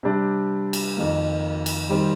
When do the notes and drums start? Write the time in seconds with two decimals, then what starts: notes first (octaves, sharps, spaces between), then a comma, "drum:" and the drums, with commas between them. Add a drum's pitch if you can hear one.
0.03 C3 G3 D4
0.73 drum: cymbal
0.97 F2 D#3 A#3
1.66 drum: cymbal
1.89 D#3 G3 C4